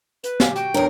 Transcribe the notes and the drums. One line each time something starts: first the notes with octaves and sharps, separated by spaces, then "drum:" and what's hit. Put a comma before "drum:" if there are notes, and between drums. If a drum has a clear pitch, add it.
B4, drum: hi-hat
G4 F5 G#5, drum: snare
F#4 G5, drum: hi-hat
E2 D4 A#4 C#5